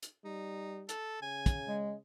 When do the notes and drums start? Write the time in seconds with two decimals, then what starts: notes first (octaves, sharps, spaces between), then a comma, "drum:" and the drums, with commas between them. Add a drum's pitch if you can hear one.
0.02 drum: hi-hat
0.25 G3 D#4
0.89 A4, drum: hi-hat
1.22 C#3 G#5
1.46 drum: kick, hi-hat
1.68 G#3